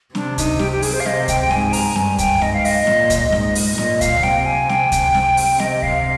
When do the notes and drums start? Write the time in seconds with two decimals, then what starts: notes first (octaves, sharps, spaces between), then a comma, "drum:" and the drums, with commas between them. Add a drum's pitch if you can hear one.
0.15 C3 D4, drum: snare C4
0.38 D#4, drum: kick C#2, hi-hat
0.59 G4, drum: snare C4
0.72 G4
0.82 G#4, drum: open hi-hat
0.93 C5
1.00 F5
1.06 C3 D#5, drum: snare C4
1.28 G5, drum: kick C#2, hi-hat
1.40 G5
1.51 G#2 G#5, drum: snare C4
1.73 A#5, drum: open hi-hat
1.96 G2 G#5, drum: snare C4
2.18 G5, drum: kick C#2, hi-hat
2.41 G#2 D#5, drum: snare C4
2.53 F5
2.65 D#5, drum: open hi-hat
2.87 A#2, drum: snare C4
3.10 drum: kick C#2, hi-hat
3.32 G#2, drum: snare C4
3.55 drum: open hi-hat
3.78 A#2 D#5, drum: snare C4
4.01 F5, drum: kick C#2, hi-hat
4.23 C3 G5, drum: snare C4
4.46 G#5
4.69 G5, drum: snare C4
4.92 drum: kick C#2, hi-hat
5.14 drum: snare C4
5.37 drum: open hi-hat
5.60 C3 D#5, drum: snare C4
5.71 D#5
5.83 F5, drum: kick C#2